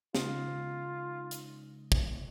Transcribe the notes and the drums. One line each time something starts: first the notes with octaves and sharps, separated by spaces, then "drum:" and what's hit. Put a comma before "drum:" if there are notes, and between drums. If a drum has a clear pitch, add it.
C#3 G#3 D#4 F4, drum: snare
drum: hi-hat
drum: kick